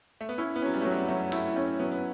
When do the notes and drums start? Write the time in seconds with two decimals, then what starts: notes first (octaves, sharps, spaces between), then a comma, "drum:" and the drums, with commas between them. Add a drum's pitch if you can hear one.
0.21 A3
0.29 B3
0.38 C#4 E4
0.56 B3
0.62 F#3 C#4
0.74 G3
0.82 F#3 A3
0.91 G3
1.08 F#3 A3
1.32 A3 E4, drum: open hi-hat
1.56 A3 C#4
1.79 F#3 B3
1.91 B3